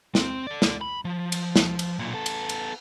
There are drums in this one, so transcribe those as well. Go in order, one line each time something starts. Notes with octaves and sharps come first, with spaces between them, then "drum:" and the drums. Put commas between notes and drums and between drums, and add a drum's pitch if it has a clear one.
C4, drum: snare
A4 D5
drum: snare
B5
F3
drum: cymbal
drum: snare
drum: cymbal
B1 A#2
B3 A4
drum: cymbal
drum: cymbal